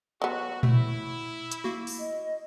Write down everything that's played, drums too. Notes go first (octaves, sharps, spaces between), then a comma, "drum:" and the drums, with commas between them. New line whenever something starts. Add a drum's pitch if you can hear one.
F#3 B3 F#4
A3 E4, drum: tom A#2
drum: hi-hat
A#3 F#4
drum: open hi-hat
D#5